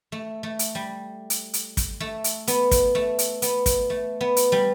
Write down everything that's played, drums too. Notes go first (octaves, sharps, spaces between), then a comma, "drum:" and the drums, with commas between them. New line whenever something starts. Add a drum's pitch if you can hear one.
A3
A3
drum: hi-hat
G3
drum: hi-hat
drum: hi-hat
drum: kick, hi-hat
A3
drum: hi-hat
B3, drum: hi-hat
drum: kick, hi-hat
A3
drum: hi-hat
B3, drum: hi-hat
drum: kick, hi-hat
A3
B3
drum: hi-hat
G3